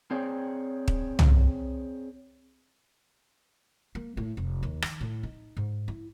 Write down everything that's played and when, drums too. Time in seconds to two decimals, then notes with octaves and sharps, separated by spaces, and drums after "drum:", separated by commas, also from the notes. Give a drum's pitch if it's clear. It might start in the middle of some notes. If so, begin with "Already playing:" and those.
0.11 C4 G#4 C#5 D5 G5
0.88 drum: kick
1.19 drum: tom C2
3.95 A#3
4.17 A2
4.37 F1
4.63 D#2
4.82 D#3, drum: rim click
5.01 A2
5.23 D#4
5.57 G#2
5.88 E4